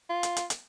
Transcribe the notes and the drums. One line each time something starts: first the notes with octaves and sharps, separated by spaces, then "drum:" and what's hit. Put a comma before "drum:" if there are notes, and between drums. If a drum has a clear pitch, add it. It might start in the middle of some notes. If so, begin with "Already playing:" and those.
F4
drum: hi-hat
drum: hi-hat
drum: hi-hat